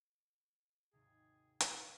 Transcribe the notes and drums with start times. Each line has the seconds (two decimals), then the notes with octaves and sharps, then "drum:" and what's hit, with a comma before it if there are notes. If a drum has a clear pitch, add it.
0.93 G#1 D#2 C3 G#4
1.61 D4 F4 F5 F#5, drum: hi-hat